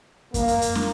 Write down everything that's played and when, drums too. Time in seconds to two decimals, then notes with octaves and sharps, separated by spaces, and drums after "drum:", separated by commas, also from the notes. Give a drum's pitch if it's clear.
0.34 A#3, drum: kick F#2, hi-hat
0.48 drum: hi-hat
0.62 drum: hi-hat
0.75 drum: snare